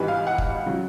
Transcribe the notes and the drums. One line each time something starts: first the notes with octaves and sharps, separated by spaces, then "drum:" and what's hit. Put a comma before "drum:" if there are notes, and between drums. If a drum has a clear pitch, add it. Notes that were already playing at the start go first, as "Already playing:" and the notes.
Already playing: G#1 G#2 E3 G3 B4
F5
F#5
drum: kick
C#3 F#3